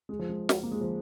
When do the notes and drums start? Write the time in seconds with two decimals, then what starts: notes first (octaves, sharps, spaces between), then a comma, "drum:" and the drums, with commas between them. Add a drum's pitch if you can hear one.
0.09 G#3
0.19 F3
0.29 G#3
0.49 drum: snare
0.63 A#3
0.72 G#3
0.81 F3